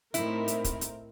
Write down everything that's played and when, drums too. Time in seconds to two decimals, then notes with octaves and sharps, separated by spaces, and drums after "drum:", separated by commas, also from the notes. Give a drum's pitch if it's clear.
0.14 A2 A3 C4 D#4 E4 A#4, drum: hi-hat
0.48 drum: hi-hat
0.64 drum: kick, hi-hat
0.81 drum: hi-hat